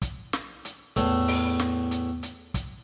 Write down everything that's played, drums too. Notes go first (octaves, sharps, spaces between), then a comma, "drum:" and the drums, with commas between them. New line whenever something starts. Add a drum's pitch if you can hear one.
drum: kick, hi-hat
drum: snare
drum: hi-hat
E2 A2 A3, drum: kick, hi-hat
drum: open hi-hat
drum: snare
drum: hi-hat
drum: hi-hat
drum: kick, hi-hat